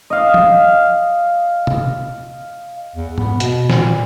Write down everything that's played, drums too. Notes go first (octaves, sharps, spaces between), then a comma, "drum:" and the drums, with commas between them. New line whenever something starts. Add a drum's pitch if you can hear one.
D#5 F5
drum: tom
drum: tom
E2
B3, drum: tom G#2
B2, drum: hi-hat
A#2, drum: snare